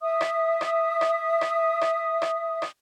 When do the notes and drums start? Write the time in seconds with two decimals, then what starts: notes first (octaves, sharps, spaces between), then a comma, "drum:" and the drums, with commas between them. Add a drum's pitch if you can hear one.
0.01 E5 D#6
0.21 drum: rim click
0.61 drum: rim click
1.01 drum: rim click
1.41 drum: rim click
1.81 drum: rim click
2.22 drum: rim click
2.62 drum: rim click